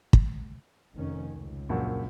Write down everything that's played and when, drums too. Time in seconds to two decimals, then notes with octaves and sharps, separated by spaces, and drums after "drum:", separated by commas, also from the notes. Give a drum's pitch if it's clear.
0.13 drum: kick
0.95 F1 D#3 C#4
1.33 C#2
1.69 A#1 F#2